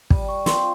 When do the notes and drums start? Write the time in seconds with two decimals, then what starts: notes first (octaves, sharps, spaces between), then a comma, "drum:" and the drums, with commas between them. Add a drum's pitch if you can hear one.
0.10 G3, drum: kick
0.29 C#6
0.46 C4 F4 C6, drum: snare